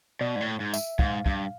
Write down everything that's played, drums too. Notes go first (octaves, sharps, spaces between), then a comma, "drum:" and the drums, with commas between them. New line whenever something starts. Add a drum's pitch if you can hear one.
B2 D5
G#2
A2
G#2
E5, drum: tambourine
G#2 F5, drum: kick
G2, drum: kick